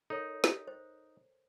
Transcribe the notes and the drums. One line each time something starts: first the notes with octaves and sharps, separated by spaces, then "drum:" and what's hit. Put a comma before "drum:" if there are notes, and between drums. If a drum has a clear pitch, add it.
D#4 A4 A#4 C#5
drum: snare
C5